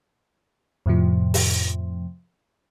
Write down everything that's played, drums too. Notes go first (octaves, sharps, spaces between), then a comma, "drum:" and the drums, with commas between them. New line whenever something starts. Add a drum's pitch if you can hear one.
F2 A2 C3 F3
drum: open hi-hat